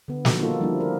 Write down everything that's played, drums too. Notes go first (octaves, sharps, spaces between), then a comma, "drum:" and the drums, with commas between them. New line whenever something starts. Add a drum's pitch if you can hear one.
D3 B3
D#3 F3 G3 F#4 A4, drum: snare
A#3 D#4 F4 A4
F3 G3 A#3 D4 E4
A#4